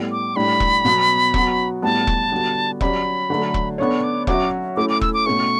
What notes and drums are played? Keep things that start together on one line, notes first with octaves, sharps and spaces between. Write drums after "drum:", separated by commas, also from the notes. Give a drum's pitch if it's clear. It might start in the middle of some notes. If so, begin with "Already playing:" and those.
Already playing: A2 G3 B3
D6
A2 G3 D4 B5
drum: kick E1
B2 F#3 B3
F#3 B3 F#4, drum: kick E1
A2 G3 B3 A5
drum: kick E1
D3 G3 B3 F#4
F#3 C#4 G4 D5 B5, drum: kick E1
D3 F#3 A3
drum: kick E1
B3 D4 A4 C#5 C#6
D6
F#3 C#4 F#4 C#5 E5 D6, drum: kick E1
A3 C#4 E4 D6
D6
E6, drum: kick E1
D6
B2 A3 C#4 C#6